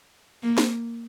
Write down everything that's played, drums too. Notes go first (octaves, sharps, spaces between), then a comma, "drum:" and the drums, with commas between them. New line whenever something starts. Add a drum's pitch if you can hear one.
A#3
drum: snare